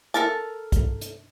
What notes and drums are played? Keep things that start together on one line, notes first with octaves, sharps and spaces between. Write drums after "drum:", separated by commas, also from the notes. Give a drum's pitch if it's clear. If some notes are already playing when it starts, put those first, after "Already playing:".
A4 A#4 A5, drum: hi-hat
drum: kick, hi-hat
drum: hi-hat